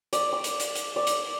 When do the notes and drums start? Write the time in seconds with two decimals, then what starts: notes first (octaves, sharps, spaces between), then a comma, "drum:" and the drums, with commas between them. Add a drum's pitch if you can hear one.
0.13 D5, drum: hi-hat
0.33 D6
0.44 drum: hi-hat
0.60 drum: hi-hat
0.75 drum: hi-hat
0.96 D5
1.07 drum: hi-hat